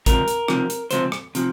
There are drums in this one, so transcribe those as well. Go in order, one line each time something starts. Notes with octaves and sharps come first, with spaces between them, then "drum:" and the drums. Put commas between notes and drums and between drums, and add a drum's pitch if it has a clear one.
C#2 C3 F3 A#4, drum: kick, hi-hat
drum: hi-hat
C#2 C3 F3, drum: rim click
drum: hi-hat
C#2 C3 F3 C5, drum: hi-hat
drum: rim click
C3 F3, drum: hi-hat